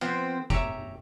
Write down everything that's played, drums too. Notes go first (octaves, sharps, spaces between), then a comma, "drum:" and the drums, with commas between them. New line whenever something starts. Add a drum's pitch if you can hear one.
F3 B3 C4
G4 C#5 E5 A#5, drum: kick